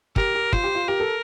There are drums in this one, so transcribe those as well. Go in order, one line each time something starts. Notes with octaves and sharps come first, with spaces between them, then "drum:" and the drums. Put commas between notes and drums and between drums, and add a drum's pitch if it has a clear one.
G4 A#4, drum: kick
G4
F4 C5, drum: kick
G4
F4
G4 A#4
A4